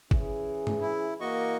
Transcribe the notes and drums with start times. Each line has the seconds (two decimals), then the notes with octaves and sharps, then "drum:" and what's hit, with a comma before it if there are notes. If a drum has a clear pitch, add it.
0.11 E3 C#4 G#4, drum: kick G1
0.67 drum: tom
0.81 E4
1.21 E3 A#3 F#4 D#5 C#6